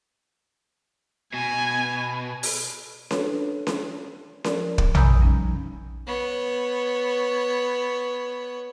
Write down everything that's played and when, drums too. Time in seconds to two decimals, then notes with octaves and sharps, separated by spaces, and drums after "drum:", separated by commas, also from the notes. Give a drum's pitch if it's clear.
1.34 B2 G#5
2.43 drum: open hi-hat
3.11 D4 F#4 A4 B4 C#5, drum: snare C#4
3.67 drum: snare C#4
4.44 F3 A#4 D5, drum: snare C#4
4.78 drum: kick
4.95 G#5 A#5 B5 D#6 E6 G6, drum: tom A#1
5.20 F3 G3 C#4 D#4
6.07 B3 C#5